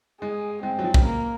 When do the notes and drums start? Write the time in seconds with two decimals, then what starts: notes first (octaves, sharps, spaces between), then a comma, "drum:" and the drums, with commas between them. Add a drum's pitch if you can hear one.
0.22 G#3 G#4
0.63 G#3 C4
0.79 F#3
0.84 F3
0.94 C#3, drum: kick
1.05 A#3